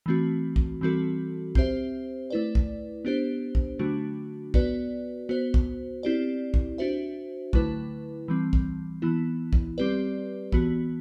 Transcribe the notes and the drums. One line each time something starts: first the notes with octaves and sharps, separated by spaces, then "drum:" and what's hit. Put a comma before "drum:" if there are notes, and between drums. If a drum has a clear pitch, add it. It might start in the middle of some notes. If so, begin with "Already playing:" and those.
E3 A3 C4 F#4
drum: kick
E3 G3 C4 F#4 A4
C4 G4 C5 E5, drum: kick
A3 E4 B4 D5
drum: kick
B3 D4 G4 C5
drum: kick
D3 F#3 A3 D4 F#4
B3 F#4 B4 D5, drum: kick
B3 F#4 C5
drum: kick
C4 E4 G4 D5
drum: kick
D4 F#4 C5 E5
D3 F#3 A3 E4 B4, drum: kick
E3 G3 C4
drum: kick
E3 B3 E4
drum: kick
G3 C4 G4 B4 D5
E3 B3 F#4, drum: kick